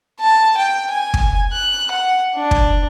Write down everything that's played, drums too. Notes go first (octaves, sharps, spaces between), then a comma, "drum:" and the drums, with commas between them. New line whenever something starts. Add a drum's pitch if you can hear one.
A5
G5
G#5
drum: kick
F#6
F#5
D4
drum: kick